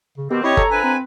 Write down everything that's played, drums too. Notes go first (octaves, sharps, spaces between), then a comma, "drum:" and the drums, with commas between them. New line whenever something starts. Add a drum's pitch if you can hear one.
C#3
B2 D#3 B3 C4 G4
C4 E4 G4 C#5 D#5
A4 A#5, drum: kick G1
F2 D4 B4 G#5
C4